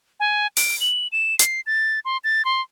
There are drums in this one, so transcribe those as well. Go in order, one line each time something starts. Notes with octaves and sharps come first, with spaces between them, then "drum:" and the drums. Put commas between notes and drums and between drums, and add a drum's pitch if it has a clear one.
G#5
D7, drum: open hi-hat
F#7
E7
C7, drum: hi-hat
A6
C6
A6
C6